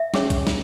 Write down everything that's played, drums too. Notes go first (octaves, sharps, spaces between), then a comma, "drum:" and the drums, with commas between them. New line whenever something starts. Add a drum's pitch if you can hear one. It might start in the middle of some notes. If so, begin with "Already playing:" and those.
Already playing: E5
C#4 G#4 C#5, drum: snare
drum: kick, hi-hat
drum: snare